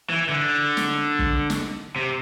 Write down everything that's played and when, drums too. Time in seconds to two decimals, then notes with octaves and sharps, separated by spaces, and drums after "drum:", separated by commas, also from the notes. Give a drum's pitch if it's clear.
0.10 E3
0.29 D3
0.77 drum: snare
1.19 drum: kick
1.50 drum: snare
1.96 C3